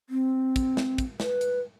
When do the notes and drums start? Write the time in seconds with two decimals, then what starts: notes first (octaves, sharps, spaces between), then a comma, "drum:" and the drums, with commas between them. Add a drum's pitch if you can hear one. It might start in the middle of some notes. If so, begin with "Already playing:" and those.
0.10 C4
0.56 drum: kick, hi-hat
0.77 drum: snare
0.98 drum: kick, hi-hat
1.20 B4, drum: snare
1.41 drum: hi-hat